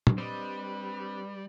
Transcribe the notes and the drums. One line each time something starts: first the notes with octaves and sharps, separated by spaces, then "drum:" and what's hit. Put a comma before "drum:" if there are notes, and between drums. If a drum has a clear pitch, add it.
drum: tom A#2
G3 C4 D4 B4 D#5